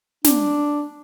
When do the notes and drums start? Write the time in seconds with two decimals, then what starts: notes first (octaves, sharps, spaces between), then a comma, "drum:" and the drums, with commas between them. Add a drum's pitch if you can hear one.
0.24 D4, drum: snare